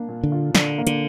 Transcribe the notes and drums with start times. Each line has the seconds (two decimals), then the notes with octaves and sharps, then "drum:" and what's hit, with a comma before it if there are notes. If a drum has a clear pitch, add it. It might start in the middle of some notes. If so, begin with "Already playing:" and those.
Already playing: A#3 D4
0.08 A#2
0.23 D3
0.32 F4
0.55 D3 D4, drum: snare
0.78 A#3
0.87 D3, drum: hi-hat